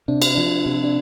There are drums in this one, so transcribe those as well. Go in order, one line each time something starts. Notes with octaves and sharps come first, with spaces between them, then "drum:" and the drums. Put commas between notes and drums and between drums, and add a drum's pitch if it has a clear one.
C3 D4
C4, drum: cymbal
F3 D4
C3
D4